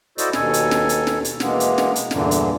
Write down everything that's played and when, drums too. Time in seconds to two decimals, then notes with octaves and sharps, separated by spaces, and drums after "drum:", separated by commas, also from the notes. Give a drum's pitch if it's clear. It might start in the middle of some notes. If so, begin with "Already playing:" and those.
0.18 E4 F#4 A4 C5 D5 D#5, drum: hi-hat
0.33 D#2 B2 A4 G#5, drum: snare
0.54 drum: hi-hat
0.71 drum: snare
0.89 drum: hi-hat
1.07 drum: snare
1.25 drum: hi-hat
1.40 B2 E3 G#3 A#3 B3, drum: snare
1.60 drum: hi-hat
1.78 drum: snare
1.96 drum: hi-hat
2.11 E2 G2 A#2 D3 E3, drum: snare
2.31 drum: hi-hat